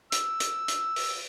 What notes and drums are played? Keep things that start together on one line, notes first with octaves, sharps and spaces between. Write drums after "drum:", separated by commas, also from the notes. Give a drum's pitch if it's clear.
E6, drum: hi-hat
drum: hi-hat
drum: hi-hat
drum: open hi-hat